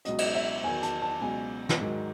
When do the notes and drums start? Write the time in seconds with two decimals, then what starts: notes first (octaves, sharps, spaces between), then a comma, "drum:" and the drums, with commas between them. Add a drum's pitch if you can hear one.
0.05 C#2 B2 F#3 D#5, drum: hi-hat
0.18 drum: cymbal
0.34 E5
0.64 E2 D#3 F#3 G#5
0.83 A5, drum: hi-hat
1.02 A5
1.21 C#2 B2 F#3 G#5
1.69 drum: snare
1.80 G#2 D#3 F#3